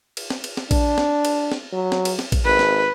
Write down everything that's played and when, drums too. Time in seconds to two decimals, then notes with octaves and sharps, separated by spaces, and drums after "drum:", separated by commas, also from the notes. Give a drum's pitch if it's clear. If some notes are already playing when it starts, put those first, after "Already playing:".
0.17 drum: cymbal
0.30 drum: snare
0.44 drum: cymbal
0.57 drum: snare
0.71 D4, drum: kick A#1, cymbal
0.98 drum: snare
1.25 drum: cymbal
1.52 drum: snare
1.73 F#3
1.92 drum: snare
2.05 drum: cymbal
2.19 drum: snare
2.32 drum: kick A#1, cymbal
2.45 G#1 B4
2.59 drum: snare